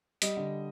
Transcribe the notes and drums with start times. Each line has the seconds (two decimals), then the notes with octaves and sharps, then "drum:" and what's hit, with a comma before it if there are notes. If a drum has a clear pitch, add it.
0.22 G3 D#5, drum: hi-hat
0.37 D3